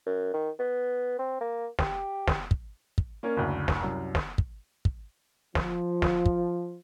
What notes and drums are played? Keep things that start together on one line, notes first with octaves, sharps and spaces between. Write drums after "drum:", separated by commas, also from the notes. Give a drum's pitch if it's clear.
F#2
D#3
B3
C4
A#3
G4, drum: snare
drum: snare
drum: kick
drum: kick
A#3 C#4 A#4 C#5 D5
F#1 D2
drum: snare
C2 F#2
drum: snare
drum: kick
drum: kick
F3, drum: snare
drum: snare
drum: kick